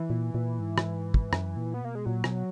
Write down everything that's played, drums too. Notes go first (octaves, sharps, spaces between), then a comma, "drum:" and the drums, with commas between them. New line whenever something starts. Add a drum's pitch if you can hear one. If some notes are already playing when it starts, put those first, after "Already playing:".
Already playing: E3
A#2
A#2
G#2
drum: rim click
drum: kick
F#2, drum: rim click
A#2
B3
B2 A#3
G#3
A#2 F#3
B2, drum: rim click